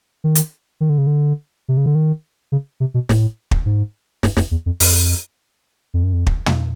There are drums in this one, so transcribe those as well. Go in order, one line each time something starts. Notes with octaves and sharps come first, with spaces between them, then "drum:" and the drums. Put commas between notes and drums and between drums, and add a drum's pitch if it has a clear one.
D#3
drum: hi-hat
D#3
D3
C#3
D3
C3
C#3
D3
D#3
C#3
C3
B2
A2, drum: snare
drum: kick
G#2
G2, drum: snare
F2, drum: snare
E2
F2
F2, drum: open hi-hat
F2
F#2
F2
drum: kick
drum: tom